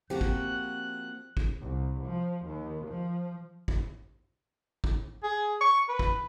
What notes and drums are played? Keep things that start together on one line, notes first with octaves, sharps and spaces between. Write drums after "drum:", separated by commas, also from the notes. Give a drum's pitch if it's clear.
F3 A#3 C4 F#4 G4 F#6
drum: kick
drum: kick
C2
F3
D#2
F3
drum: kick
drum: kick
G#4
C#6
B4
drum: kick